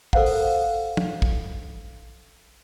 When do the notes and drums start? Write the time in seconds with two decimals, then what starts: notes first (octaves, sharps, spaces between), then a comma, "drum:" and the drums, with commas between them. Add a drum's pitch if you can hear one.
0.13 A4 A#4 C5 F5 F#5, drum: kick
0.26 drum: open hi-hat
0.97 drum: tom
1.22 drum: kick